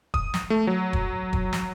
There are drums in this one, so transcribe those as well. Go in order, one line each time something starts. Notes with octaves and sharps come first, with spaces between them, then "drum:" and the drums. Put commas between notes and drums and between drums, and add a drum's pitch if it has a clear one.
D#6, drum: kick
drum: snare
A3
F#3
drum: kick
drum: kick
drum: snare